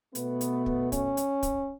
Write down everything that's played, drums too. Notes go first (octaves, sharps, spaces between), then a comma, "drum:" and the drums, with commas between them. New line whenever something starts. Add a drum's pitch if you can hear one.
B2 A3 B3, drum: hi-hat
drum: hi-hat
drum: kick
C#4, drum: kick, hi-hat
drum: hi-hat
drum: kick, hi-hat